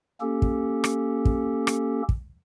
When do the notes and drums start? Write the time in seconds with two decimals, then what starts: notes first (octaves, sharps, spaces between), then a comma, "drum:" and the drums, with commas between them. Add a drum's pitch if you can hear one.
0.21 A#3 C#4 G4 A4
0.42 drum: kick
0.84 drum: rim click
1.25 drum: kick
1.67 drum: rim click
2.09 drum: kick